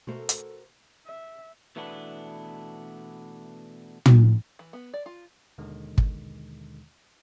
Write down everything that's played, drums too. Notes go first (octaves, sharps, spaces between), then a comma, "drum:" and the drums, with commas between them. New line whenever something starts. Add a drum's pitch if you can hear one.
B2 A3 F#4 A4 A#4 C5
drum: hi-hat
E5
B2 E3 A3 B3 D4
drum: tom
E3
B3
D5
F4
D#2 B2 D3 D#3 G#3
drum: kick